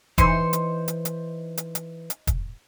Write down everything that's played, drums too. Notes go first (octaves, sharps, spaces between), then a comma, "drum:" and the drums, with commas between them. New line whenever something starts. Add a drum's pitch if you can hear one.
E3 D#4 C5 C6, drum: kick, hi-hat
drum: hi-hat
drum: hi-hat
drum: hi-hat
drum: hi-hat
drum: hi-hat
drum: hi-hat
drum: kick, hi-hat